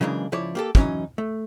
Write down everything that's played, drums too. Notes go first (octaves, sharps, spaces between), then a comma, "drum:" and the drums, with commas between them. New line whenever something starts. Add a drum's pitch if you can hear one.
C#3 E3 F#3 G#3 A#3 D4
C#2 C#3 F3 E4 C#5 D5
A#3 G4 A4
E3 F#3 C4 C#4 D#4, drum: kick
A3